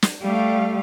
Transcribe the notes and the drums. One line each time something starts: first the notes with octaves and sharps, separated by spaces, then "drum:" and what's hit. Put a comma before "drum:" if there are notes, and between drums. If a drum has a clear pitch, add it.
drum: snare
G3 A3 F5